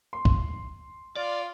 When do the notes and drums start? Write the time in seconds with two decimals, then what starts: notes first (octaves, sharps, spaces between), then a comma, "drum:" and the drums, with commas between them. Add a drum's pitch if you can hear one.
0.13 C6
0.25 drum: kick C2
1.16 F4 D5